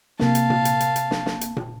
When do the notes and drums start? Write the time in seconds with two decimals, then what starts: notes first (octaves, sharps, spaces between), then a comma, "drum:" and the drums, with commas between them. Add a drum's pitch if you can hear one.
0.20 C3 A#3 F5 A5, drum: snare
0.35 drum: hi-hat
0.50 drum: tom A#2
0.65 drum: hi-hat
0.80 drum: hi-hat
0.96 drum: hi-hat
1.11 drum: snare
1.26 drum: snare
1.41 drum: hi-hat
1.57 drum: tom A#2